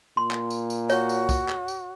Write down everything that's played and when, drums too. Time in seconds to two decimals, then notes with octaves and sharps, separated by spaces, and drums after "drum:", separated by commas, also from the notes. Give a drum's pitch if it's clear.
0.17 A#2 C6
0.31 drum: clap
0.50 drum: tambourine
0.70 drum: tambourine
0.90 F#4 C#5, drum: tambourine
1.09 drum: tambourine
1.29 drum: kick, tambourine
1.48 drum: clap
1.68 drum: tambourine